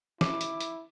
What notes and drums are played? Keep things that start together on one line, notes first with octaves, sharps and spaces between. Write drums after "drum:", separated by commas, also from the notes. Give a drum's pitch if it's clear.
E4 D6, drum: snare
drum: hi-hat
drum: hi-hat